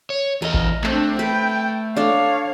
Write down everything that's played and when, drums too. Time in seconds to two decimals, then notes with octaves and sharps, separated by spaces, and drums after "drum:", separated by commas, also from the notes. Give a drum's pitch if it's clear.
0.10 C#5
0.42 E2 A#4 D#5
0.54 drum: kick A1
0.84 A3 C4 D4, drum: clap
1.19 B4 G5
1.96 D4 A4 C#5 F5